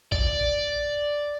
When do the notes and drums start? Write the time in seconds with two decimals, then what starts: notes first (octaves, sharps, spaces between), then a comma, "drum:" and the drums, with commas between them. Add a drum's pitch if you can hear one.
0.12 D5, drum: kick A1